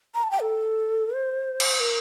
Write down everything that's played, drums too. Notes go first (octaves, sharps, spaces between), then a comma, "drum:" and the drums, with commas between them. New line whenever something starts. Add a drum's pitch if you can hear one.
A#5
A5
G5
A4
C5
drum: cymbal
A#4